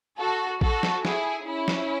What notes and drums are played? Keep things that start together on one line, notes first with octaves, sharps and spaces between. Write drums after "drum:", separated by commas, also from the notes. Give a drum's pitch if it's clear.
F#4 A4
F#4 A4, drum: kick
drum: snare
E4 G#4, drum: snare
C#4 E4
drum: snare